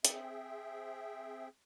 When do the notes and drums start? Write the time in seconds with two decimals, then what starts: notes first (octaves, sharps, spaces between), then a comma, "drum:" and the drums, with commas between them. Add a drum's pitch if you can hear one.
0.05 C4 G#4 E5 G5, drum: hi-hat